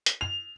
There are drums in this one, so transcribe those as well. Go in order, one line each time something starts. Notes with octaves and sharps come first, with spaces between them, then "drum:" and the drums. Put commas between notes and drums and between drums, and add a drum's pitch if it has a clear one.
drum: hi-hat
F7